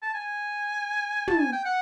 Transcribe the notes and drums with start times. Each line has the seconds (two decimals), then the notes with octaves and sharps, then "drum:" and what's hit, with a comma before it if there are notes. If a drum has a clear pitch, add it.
0.02 A5
0.14 G#5
1.28 A5, drum: tom
1.40 G#5
1.53 G5
1.65 F#5